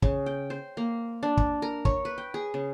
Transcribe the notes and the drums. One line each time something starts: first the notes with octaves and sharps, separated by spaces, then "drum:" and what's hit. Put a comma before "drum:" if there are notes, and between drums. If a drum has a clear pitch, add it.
C#3, drum: kick
G5
C5
A#3
D4
drum: kick
A#4
C#5, drum: kick
B4
G5
G#4
C#3